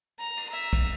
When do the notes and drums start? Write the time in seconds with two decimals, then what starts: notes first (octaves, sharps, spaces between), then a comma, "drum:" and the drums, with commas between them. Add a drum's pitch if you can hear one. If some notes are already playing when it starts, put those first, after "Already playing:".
0.19 A#5
0.37 drum: cymbal
0.49 E5 A#5
0.73 drum: kick, cymbal